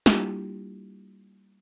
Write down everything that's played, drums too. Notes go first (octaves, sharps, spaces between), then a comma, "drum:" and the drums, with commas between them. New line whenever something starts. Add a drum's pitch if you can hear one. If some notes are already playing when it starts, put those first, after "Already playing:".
G3 A#3 D4 E4 F4 G4, drum: snare